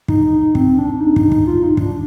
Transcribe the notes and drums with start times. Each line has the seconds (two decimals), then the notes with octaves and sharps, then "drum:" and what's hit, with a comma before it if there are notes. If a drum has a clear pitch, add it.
0.08 D#4, drum: kick
0.55 C4, drum: kick
0.78 D4
1.00 D#4
1.16 drum: kick
1.32 drum: kick
1.47 F4
1.63 D#4
1.77 D4, drum: kick